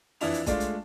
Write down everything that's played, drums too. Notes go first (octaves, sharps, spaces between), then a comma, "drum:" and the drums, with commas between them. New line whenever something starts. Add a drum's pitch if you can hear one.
F2 E3 D4 E4 F7, drum: open hi-hat
drum: hi-hat
G#3 A3 D4 F4 D5, drum: kick, hi-hat
drum: hi-hat